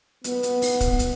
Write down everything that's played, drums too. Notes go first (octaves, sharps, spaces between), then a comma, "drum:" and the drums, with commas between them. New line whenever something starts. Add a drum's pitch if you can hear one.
B3, drum: hi-hat
drum: hi-hat
drum: open hi-hat
drum: kick, hi-hat
drum: hi-hat